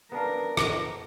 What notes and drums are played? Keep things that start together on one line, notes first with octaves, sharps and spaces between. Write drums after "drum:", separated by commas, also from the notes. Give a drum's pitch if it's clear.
B3 D4 A#4 B4 F5 A5 A#5
drum: rim click